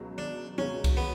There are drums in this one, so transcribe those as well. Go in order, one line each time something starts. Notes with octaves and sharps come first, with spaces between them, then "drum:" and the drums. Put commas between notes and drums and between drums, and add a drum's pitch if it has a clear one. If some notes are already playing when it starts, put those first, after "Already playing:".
Already playing: C#2 B2 F#3
D4
C#2 B2 F#3 C#4
drum: kick C2, cymbal
B3